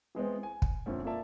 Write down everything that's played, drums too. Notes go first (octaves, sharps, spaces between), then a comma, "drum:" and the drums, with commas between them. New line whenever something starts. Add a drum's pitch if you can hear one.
E3 G#3 B3 C4
G#5
drum: kick
F2 A#2 D3 A3 C4 C#4
A#3 F4 A4 D5 E5 A5